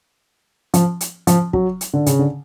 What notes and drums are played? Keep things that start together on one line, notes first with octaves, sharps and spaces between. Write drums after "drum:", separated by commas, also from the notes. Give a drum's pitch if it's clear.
F3, drum: hi-hat
drum: hi-hat
F3, drum: hi-hat
F#3, drum: kick
drum: hi-hat
D3
C#3, drum: hi-hat
D3